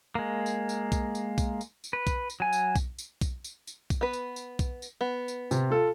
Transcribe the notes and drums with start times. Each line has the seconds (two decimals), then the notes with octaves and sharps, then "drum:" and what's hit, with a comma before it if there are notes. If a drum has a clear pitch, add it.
0.15 G#3 A#3
0.46 drum: tambourine
0.69 drum: tambourine
0.92 drum: kick B1, tambourine
1.15 drum: tambourine
1.38 drum: kick B1, tambourine
1.61 drum: tambourine
1.84 drum: tambourine
1.93 B4
2.07 drum: kick B1, tambourine
2.30 drum: tambourine
2.40 F#3 G#5
2.53 drum: tambourine
2.76 drum: kick B1, tambourine
2.99 drum: tambourine
3.21 drum: kick B1, tambourine
3.44 drum: tambourine
3.67 drum: tambourine
3.90 drum: kick B1, tambourine
4.01 B3 B4
4.13 drum: tambourine
4.36 drum: tambourine
4.59 drum: kick B1, tambourine
4.82 drum: tambourine
5.01 B3
5.28 drum: tambourine
5.51 C3, drum: tambourine
5.70 F4 A4